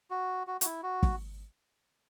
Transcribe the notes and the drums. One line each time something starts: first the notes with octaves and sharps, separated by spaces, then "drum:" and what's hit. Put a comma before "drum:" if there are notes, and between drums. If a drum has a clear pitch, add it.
F#4
F#4
F#4, drum: hi-hat
E4
F#4
drum: kick